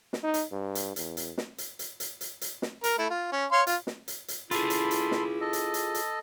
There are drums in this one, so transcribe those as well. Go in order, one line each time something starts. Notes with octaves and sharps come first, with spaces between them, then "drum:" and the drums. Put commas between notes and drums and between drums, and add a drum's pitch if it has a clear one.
drum: snare
D#4
drum: hi-hat
G2
drum: hi-hat
E2, drum: hi-hat
drum: hi-hat
drum: snare
drum: hi-hat
drum: hi-hat
drum: hi-hat
drum: hi-hat
drum: hi-hat
drum: snare
A#4, drum: hi-hat
A3 E4
F4
C#4
C#5 F5 C6
F4, drum: hi-hat
drum: snare
drum: hi-hat
drum: hi-hat
E4 F4 G#4 A4 B5 C6, drum: hi-hat
drum: hi-hat
drum: hi-hat
drum: snare
A4 D#5
drum: hi-hat
drum: hi-hat
drum: hi-hat